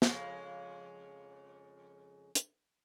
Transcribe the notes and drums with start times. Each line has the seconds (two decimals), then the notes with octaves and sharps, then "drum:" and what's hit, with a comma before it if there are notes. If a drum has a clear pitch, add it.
0.02 F2 C#3 G#3, drum: snare
2.35 drum: hi-hat